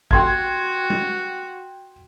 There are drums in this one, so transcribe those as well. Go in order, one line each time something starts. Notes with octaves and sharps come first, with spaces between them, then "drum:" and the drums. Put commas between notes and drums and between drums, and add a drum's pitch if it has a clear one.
F#4 G5 C6 G#6, drum: kick A1
drum: tom